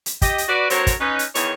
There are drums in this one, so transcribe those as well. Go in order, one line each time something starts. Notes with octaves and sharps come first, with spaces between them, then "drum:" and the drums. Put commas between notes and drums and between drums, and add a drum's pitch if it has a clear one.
drum: hi-hat
G4 D#5, drum: kick, hi-hat
drum: hi-hat
F#4 B4 D5
D3 F#3 C4 A#4 C5 C#5, drum: hi-hat
drum: kick, hi-hat
C#4 D#4 B4
drum: hi-hat
E2 D#3 C#5, drum: hi-hat